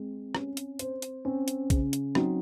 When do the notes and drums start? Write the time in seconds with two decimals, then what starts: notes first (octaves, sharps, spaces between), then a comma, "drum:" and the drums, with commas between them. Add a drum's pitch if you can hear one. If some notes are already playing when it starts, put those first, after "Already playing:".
Already playing: G#3 C4
0.35 C#4, drum: rim click
0.57 drum: hi-hat
0.79 C5, drum: hi-hat
1.02 drum: hi-hat
1.25 C4 C#4
1.48 drum: hi-hat
1.70 C#3, drum: kick A#1, hi-hat
1.93 drum: hi-hat
2.15 F#3 C4 D#4, drum: rim click